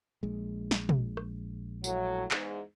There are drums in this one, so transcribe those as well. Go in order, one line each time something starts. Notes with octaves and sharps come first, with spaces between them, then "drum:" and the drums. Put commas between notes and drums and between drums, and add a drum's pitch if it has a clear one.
A#1 G#3
drum: snare
drum: tom
drum: rim click
A2 F#3, drum: tambourine
E2 G#2, drum: clap